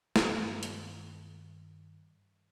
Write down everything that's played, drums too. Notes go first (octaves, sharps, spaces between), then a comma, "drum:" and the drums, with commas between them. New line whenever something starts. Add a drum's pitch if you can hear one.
G2 D#3, drum: snare
drum: hi-hat